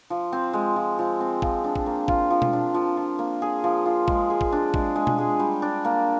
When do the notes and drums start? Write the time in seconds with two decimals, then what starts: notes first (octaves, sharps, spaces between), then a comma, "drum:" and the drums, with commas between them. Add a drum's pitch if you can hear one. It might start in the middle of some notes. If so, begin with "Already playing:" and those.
0.10 F3
0.32 C4
0.53 G#3
0.76 F3
0.99 F3
1.20 C4
1.42 F3, drum: kick
1.64 D4
1.76 drum: kick
1.86 A#3
2.08 F4, drum: kick
2.30 F3
2.42 drum: tom B2
2.53 D4
2.74 F3
2.97 F4
3.19 A#3
3.42 G#4
3.64 F3
3.86 F4
4.08 G#3, drum: kick
4.30 G#4
4.41 drum: kick
4.52 D4
4.74 G#3, drum: kick
4.96 G#3
5.07 drum: tom B2
5.18 G#4
5.40 G3
5.62 D4
5.85 A#3